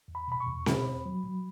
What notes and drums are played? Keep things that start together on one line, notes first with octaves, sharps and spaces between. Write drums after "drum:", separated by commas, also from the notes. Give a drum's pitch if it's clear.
E2
B5
B2 B5
C#6
E2
B2 B5, drum: snare C4
E2
F#3
F#3